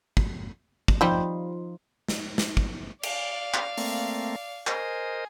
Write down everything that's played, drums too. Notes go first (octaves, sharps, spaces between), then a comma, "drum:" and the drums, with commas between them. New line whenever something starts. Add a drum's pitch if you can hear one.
drum: kick
drum: kick
F3 G3 C4 D#4 F4
drum: snare
drum: snare
drum: kick
D5 F5, drum: cymbal
drum: clap
A3 A#3 C4, drum: open hi-hat
G#4 A#4 C5 D#5, drum: clap